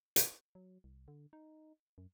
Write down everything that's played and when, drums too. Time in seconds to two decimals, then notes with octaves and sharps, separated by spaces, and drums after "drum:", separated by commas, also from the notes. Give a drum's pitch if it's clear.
0.16 drum: hi-hat
0.55 F#3
0.84 C2
1.08 D3
1.33 D#4
1.98 F#2